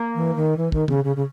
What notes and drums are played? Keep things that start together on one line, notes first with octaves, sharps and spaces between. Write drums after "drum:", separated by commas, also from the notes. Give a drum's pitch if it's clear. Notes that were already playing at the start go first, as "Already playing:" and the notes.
Already playing: A#3
E3
D#3
E3
D#3, drum: kick
C#3, drum: tom
C#3
C#3